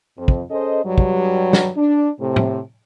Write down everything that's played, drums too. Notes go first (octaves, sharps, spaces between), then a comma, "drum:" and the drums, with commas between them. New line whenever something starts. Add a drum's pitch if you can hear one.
F2
drum: kick
C#4 G#4 A4 C5 D#5
G2 F#3 G3
drum: kick
drum: snare
D4
A2 C3
drum: tom A2